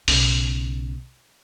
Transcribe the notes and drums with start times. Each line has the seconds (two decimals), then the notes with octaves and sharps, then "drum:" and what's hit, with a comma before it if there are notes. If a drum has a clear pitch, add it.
0.08 B1 C#3, drum: open hi-hat